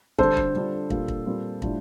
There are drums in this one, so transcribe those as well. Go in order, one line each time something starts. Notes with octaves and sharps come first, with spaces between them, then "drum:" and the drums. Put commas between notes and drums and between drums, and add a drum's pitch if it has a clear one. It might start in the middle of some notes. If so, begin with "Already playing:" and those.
D3 G3 D4 A4 C5, drum: kick
drum: kick
D3 G3 D4 F4
A#2 G3 D4 F4, drum: kick
drum: kick
A#2 G3 C4 F4
A2 G3 D4 F4, drum: kick